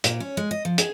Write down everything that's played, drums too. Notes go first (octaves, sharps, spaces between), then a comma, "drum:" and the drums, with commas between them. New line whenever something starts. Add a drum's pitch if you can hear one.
A#2, drum: hi-hat
C#4
G#3
D#5
F3
G#4, drum: hi-hat